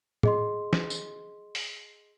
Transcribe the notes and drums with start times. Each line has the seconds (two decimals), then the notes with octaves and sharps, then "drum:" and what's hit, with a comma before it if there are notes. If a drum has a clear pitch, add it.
0.23 G#4 D#5 C6, drum: tom
0.73 drum: snare
0.90 drum: tambourine
1.55 drum: open hi-hat